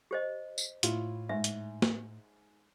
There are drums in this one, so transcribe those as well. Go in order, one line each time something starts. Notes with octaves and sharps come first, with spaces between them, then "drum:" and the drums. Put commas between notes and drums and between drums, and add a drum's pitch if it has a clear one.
G4 C5 D#5
drum: tambourine
A2 E4 F4, drum: hi-hat
G#2 E5
drum: hi-hat
drum: snare